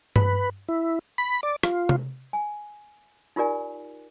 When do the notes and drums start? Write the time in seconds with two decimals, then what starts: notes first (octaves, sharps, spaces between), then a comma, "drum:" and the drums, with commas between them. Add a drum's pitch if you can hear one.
0.16 B4, drum: tom G2
0.69 E4
1.18 B5
1.43 D5
1.63 F4, drum: rim click
1.89 drum: tom C3
2.33 G#5
3.36 D#4 F4 G4 A#4 D5 G#5